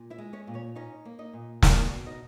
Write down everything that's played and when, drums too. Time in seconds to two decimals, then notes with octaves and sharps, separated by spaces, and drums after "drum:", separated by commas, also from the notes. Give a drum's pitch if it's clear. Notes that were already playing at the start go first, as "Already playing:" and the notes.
Already playing: A#2
0.10 E4 E5
0.18 G#3
0.33 C#4 C#5
0.47 A#2
0.54 C#4 C#5
0.75 C#4 D#4 C#5
1.05 A#3
1.19 D#4 D#5
1.33 A#2
1.62 G#3 E4 E5, drum: snare
1.92 B2
2.06 D#4 D#5